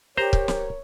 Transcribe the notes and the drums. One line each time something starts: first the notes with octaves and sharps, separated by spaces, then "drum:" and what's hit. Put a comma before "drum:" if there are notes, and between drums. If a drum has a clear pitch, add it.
G4 A#4 C5 C#5 A#5
drum: kick
drum: snare